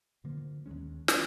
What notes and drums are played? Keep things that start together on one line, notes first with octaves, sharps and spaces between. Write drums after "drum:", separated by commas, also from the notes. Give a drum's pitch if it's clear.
D2 D3 F3 A#3
D#2 D#3 G#3 C#4
D#3 G#3 C#4, drum: snare